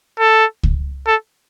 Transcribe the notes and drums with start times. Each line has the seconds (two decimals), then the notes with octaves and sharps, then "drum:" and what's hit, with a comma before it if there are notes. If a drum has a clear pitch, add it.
0.19 A4
0.63 drum: kick C#2
1.07 A4